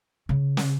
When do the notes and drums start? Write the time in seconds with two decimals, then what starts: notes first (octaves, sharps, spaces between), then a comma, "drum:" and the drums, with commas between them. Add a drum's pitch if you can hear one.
0.29 C#3
0.57 drum: snare